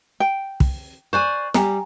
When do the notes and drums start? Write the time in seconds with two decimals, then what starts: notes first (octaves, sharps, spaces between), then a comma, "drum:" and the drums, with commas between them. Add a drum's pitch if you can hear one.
0.20 G5
0.60 drum: kick
1.13 C5 D5 G#5 C#6 F#6
1.54 G3 G5 G#5 A#5, drum: snare